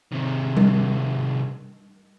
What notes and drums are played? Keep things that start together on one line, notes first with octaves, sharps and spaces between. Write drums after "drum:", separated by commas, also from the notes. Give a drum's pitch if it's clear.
C3 D#3
drum: tom G3